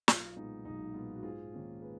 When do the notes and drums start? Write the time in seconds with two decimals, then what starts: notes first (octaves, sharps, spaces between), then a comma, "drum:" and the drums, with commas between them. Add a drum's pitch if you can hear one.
0.08 B1 F4, drum: snare
0.36 A#2 G#3 B3 D#4
0.65 B1 D#4
0.94 A#2 G#3 B3 F4
1.16 F#4
1.23 G#2 F4 G#4
1.53 D#3 A#3 C#4
1.81 G#4 B4